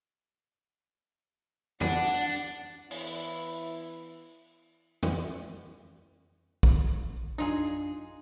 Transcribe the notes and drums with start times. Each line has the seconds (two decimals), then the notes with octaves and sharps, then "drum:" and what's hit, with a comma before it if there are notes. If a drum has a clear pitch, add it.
1.81 D4 F#5, drum: tom F2
2.91 E3 B3 E4, drum: open hi-hat
5.03 drum: tom F2
6.63 drum: kick
7.38 F#2 D4 D#4 F4 G#4